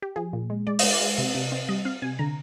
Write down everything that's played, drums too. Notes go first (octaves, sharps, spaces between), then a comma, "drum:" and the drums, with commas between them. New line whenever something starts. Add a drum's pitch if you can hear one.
G4
F3 G#4
A#2
G#3
G#3 D5
G#3 D#5, drum: open hi-hat
D5
G#3
C3
C3
C4
G3 D#5
C4 F5
C3 G#5
D3 A#5